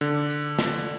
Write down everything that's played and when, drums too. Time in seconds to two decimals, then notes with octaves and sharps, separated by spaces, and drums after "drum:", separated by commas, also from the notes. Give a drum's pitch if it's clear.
0.01 D3, drum: tambourine
0.30 drum: tambourine
0.59 drum: snare